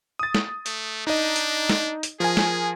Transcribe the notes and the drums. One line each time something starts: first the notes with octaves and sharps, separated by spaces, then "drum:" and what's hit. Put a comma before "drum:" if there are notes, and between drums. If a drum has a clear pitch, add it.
D#6 A6
drum: snare
A3, drum: hi-hat
D4 D#4 D#5
drum: hi-hat
drum: snare
drum: hi-hat
F3 G#4 A#4 G#5
drum: snare